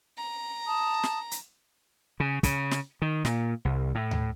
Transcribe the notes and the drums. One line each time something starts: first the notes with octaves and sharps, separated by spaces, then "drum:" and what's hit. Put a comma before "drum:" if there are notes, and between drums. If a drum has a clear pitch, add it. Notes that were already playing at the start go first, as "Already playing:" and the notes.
A#5
A5 D#6
drum: snare
drum: hi-hat
C#3
C#3, drum: kick, hi-hat
drum: snare
D#3
A#2, drum: snare
C2
A2
drum: tom D2